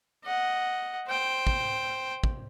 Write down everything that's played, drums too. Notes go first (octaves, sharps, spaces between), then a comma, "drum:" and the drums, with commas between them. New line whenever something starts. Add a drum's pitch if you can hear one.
D#5 F#5
C5 G5
drum: kick
drum: kick